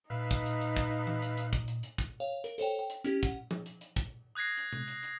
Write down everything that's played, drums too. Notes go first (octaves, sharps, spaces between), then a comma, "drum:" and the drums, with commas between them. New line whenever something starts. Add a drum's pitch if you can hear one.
A#2 D#4 B4 E5 F5
drum: kick, hi-hat
drum: hi-hat
drum: hi-hat
drum: kick, hi-hat
drum: tom E3
drum: hi-hat
drum: hi-hat
drum: kick, hi-hat
drum: hi-hat
drum: hi-hat
drum: kick, hi-hat
C#5 F5
A#4, drum: hi-hat
A4 C5 C#5 G5, drum: hi-hat
G5
drum: hi-hat
C#4 E4 G4, drum: hi-hat
F#5, drum: kick, hi-hat
drum: tom F3
drum: hi-hat
drum: hi-hat
drum: kick, hi-hat
D#6 F#6 G#6 A#6 C7
drum: hi-hat
drum: tom C3
drum: hi-hat
drum: hi-hat